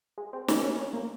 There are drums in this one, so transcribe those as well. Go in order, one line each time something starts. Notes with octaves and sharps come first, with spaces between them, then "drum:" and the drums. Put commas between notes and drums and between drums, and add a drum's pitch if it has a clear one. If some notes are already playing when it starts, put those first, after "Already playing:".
G#3
C4
C#4, drum: snare
C#4
C#4
A#3